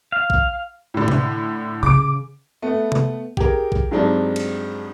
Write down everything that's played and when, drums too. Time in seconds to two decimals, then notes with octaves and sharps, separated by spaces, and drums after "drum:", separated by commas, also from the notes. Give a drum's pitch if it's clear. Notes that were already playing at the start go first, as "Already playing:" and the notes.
0.12 F5
0.30 drum: kick A#1
0.94 A2 D3
1.08 drum: tom
1.83 C#3 D6 D7
2.62 A3 B3
2.92 drum: tom
3.37 G4 G#4 A#4, drum: kick A#1
3.72 drum: kick A#1
3.91 G2 F#3 G#3 C4 D4 D#4
4.36 drum: cymbal